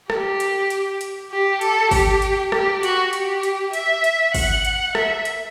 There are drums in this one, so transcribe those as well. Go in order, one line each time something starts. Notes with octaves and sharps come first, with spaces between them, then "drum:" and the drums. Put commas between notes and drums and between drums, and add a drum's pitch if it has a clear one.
G4, drum: rim click
drum: hi-hat
drum: hi-hat
drum: hi-hat
G4
A4, drum: hi-hat
G4, drum: kick, open hi-hat
drum: hi-hat
G4, drum: rim click
F#4, drum: hi-hat
G4, drum: hi-hat
drum: hi-hat
E5, drum: hi-hat
drum: hi-hat
F#5, drum: kick, open hi-hat
drum: hi-hat
E5, drum: rim click
drum: hi-hat